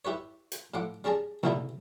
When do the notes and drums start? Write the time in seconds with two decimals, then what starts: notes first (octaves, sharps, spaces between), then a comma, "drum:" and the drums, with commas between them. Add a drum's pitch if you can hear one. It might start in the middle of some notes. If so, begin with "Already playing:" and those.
0.05 E4 G4 B4 C#5
0.52 drum: hi-hat
0.74 A2 F3 F#5 D6
1.04 G3 C#4 G#4 A5 A#5
1.43 F2 A#2 A3 B3 D#4 E4, drum: tom C3